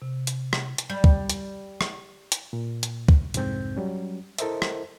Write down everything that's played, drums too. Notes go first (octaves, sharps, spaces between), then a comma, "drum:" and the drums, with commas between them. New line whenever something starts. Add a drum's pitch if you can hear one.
C3
drum: hi-hat
drum: rim click
drum: hi-hat
G3
drum: kick
drum: hi-hat
drum: rim click
drum: hi-hat
A#2
drum: hi-hat
drum: kick
C2 F2 G#2 C4 G6, drum: hi-hat
F#3 G3 C#4
E4 A4 A#4 C5 D#5 E5, drum: hi-hat
drum: rim click